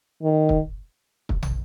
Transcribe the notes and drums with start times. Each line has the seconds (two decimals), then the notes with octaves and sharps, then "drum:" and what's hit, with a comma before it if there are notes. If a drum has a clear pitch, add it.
0.23 D#3
0.49 drum: kick
1.29 drum: kick
1.43 drum: tom